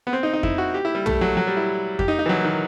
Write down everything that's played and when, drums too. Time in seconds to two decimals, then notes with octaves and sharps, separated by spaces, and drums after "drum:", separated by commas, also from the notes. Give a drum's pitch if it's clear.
0.07 B3
0.13 C4
0.23 D#4
0.33 D#4
0.43 E4, drum: kick F2
0.58 F#4
0.74 G4
0.85 E4
0.95 G3
1.06 A3, drum: tom
1.21 F#3
1.37 F#3
1.47 G3
1.57 E4
1.99 G4, drum: kick F2
2.08 D#4
2.19 D#4
2.26 E3
2.29 F#3
2.45 D#3